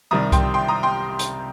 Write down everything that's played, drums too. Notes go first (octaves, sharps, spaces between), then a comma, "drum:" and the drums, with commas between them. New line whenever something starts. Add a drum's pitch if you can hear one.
C2 C3 D#3 G3 A#5 D#6
G5 C6, drum: kick C2, hi-hat
G5 C6
A#5 D#6
G5 C6
drum: hi-hat